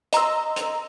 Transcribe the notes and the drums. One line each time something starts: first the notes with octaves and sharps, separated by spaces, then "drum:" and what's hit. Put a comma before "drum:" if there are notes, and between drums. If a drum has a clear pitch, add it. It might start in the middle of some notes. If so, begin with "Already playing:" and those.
D#5 A#5 C6 E6, drum: hi-hat
drum: hi-hat